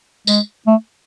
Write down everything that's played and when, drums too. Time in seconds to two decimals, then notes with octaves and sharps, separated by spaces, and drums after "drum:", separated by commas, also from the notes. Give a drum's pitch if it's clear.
0.27 G#3, drum: tambourine
0.67 A3